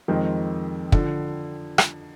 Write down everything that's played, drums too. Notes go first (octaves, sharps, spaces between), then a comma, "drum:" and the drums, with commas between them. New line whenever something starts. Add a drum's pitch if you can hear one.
F2 D#3 G#3 C4
D3 F3, drum: kick
drum: rim click